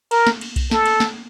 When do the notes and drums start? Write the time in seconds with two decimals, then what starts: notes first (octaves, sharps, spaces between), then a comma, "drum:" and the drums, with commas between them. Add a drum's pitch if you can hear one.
0.11 A#4, drum: cymbal
0.27 drum: snare
0.41 drum: cymbal
0.56 drum: kick B1, cymbal
0.71 A4, drum: snare
0.86 drum: cymbal
1.00 drum: snare